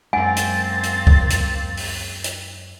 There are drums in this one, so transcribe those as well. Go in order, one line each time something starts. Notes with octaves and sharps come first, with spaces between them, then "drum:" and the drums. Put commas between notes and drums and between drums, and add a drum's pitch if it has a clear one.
F#2 G#3 A#3 C4 F#5 G#5 A6
drum: hi-hat
drum: hi-hat
drum: kick C#2
drum: hi-hat
drum: open hi-hat
drum: hi-hat